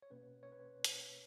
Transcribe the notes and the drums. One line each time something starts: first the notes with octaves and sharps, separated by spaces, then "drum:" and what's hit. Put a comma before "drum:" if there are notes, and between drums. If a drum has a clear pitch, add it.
C#5
B2 A#3 C#4 B4
C#5
B4
drum: hi-hat